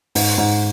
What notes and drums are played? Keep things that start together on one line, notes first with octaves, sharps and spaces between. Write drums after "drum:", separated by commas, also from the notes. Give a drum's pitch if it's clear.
G#2, drum: open hi-hat
G#2